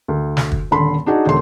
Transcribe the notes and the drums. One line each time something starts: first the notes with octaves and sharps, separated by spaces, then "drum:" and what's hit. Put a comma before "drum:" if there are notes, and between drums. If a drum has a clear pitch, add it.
D2
drum: snare
drum: kick
D#1 D3 B5 C6
D4 D#4 F#4 G#4
E1 D3 C6